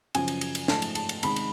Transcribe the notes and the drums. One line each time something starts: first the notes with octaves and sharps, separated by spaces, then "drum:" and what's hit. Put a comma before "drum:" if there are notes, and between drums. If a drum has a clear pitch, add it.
F#2 C#3 F3 G#5, drum: cymbal
drum: cymbal
drum: cymbal
drum: cymbal
G#2 F3 A3 A5, drum: snare
drum: cymbal
A5, drum: cymbal
drum: cymbal
C3 D#3 G#3 B5, drum: cymbal
drum: cymbal